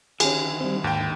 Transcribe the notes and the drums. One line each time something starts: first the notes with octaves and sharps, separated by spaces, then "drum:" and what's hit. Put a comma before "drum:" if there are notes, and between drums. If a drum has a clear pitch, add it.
D3 D#3 C#4 G4 G#4, drum: cymbal
G3 C4
D#2 G#2 G5